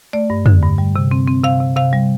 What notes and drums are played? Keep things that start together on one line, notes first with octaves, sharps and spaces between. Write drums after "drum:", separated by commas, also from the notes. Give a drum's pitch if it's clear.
A3 D5
G2
D3, drum: tom
G2
G3
C3
C4
C4
C3 F5
C3
C3 F5
G3